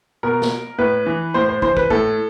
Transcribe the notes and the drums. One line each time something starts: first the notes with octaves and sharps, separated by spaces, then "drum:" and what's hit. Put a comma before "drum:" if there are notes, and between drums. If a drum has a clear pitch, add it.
B2 A#4
drum: snare
A2 B4
E3
A2 C5
C5
E3 C5, drum: kick
B4, drum: kick
A2 A4, drum: kick